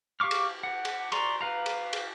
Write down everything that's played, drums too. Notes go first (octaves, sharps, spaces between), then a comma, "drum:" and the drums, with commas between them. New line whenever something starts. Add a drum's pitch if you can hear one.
G4 F5 C#6 D6 F6
drum: cymbal
F#5
drum: cymbal
D5 A#5 C6 C#6, drum: cymbal
B4 F5 A#5
drum: cymbal
drum: cymbal